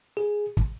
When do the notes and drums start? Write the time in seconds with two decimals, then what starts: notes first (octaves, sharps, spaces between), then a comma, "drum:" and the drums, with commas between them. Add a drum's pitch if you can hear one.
0.17 G#4
0.57 drum: kick